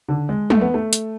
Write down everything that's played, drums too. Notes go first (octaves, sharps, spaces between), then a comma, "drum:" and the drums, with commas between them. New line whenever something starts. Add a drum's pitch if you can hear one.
D3
G#3
A3, drum: tom
B3
A3
drum: hi-hat